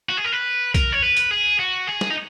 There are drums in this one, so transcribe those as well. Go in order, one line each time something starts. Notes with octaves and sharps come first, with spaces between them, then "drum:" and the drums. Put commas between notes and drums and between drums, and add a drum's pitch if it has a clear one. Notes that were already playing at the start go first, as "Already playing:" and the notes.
F#4
G#4
A#4
B4
A#4, drum: kick, hi-hat
C#5
B4
drum: hi-hat
G#4
F#4
G#4
drum: snare
D#4